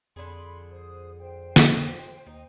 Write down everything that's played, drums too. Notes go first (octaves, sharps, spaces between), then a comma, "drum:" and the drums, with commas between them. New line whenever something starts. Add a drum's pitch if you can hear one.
F2 D3 G#4 B5 C6
C5 D#6
C5 G5
drum: snare
D#2 D#4